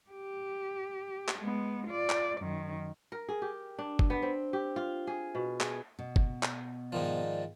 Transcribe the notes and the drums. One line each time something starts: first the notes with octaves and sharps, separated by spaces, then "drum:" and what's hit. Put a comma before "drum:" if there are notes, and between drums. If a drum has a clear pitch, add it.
G4
drum: clap
G#3 B3
F4 D5
drum: clap
F#2 D#3
A#4
G#4
G4
D4
drum: kick F#1
B3
C4
G4
F4
G#4
B2
G#4, drum: clap
B2
drum: kick F#1
drum: clap
G#2 D#3 F3 D5